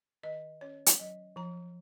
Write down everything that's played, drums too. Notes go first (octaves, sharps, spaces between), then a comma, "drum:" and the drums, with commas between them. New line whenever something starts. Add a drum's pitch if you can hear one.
D#3 D#5
C#4 C#5
drum: hi-hat
F#3 D#5
F3 A#5